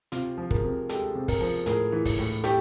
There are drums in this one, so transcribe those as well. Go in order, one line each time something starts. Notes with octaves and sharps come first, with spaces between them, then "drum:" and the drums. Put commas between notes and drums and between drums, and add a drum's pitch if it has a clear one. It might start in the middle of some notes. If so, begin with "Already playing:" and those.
C3 F4, drum: hi-hat
F3
G#4 A#4, drum: kick
C3
G#3 G4 A4, drum: hi-hat
C3
G#4 A#4, drum: kick, open hi-hat
F3
A2 G#4 A#4, drum: hi-hat
E3
drum: kick, open hi-hat
A2
A3 G4 A4, drum: hi-hat